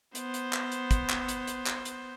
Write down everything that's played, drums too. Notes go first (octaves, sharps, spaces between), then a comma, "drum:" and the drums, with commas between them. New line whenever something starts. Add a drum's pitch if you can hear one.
B3 C5, drum: hi-hat
drum: hi-hat
drum: clap
drum: hi-hat
drum: kick, hi-hat
drum: clap
drum: hi-hat
drum: hi-hat
drum: clap
drum: hi-hat